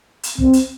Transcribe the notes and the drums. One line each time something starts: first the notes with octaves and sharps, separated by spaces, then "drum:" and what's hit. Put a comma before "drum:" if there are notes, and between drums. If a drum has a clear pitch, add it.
drum: hi-hat
C4, drum: kick
drum: hi-hat